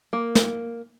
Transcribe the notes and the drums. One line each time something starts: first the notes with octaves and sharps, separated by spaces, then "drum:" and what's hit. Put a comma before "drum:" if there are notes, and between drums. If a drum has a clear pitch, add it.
A#3
drum: snare